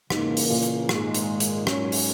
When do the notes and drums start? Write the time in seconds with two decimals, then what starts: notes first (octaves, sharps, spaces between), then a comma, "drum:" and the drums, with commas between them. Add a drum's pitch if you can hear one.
0.10 G#2 C#3 E3 A#3, drum: rim click
0.37 drum: open hi-hat
0.50 A#2
0.63 drum: hi-hat
0.89 G#2 D#3 G#3, drum: rim click
1.14 drum: hi-hat
1.40 drum: hi-hat
1.67 G#2 F#3 C#4, drum: rim click
1.92 drum: open hi-hat